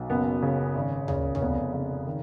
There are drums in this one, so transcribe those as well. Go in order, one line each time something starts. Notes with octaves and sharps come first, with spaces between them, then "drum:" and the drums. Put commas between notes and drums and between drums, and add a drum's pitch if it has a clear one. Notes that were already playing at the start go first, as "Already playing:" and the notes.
Already playing: B1 B2
F#1 B3
C#3
G#1
C#3, drum: tom
C#4, drum: tom
F1 B3
C#3
D#3